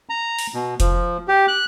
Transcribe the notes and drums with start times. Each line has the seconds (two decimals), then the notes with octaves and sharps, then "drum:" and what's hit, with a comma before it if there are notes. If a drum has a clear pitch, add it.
0.09 A#5
0.39 drum: open hi-hat
0.54 B2
0.80 F3, drum: kick F1, hi-hat
1.28 G4
1.48 F#6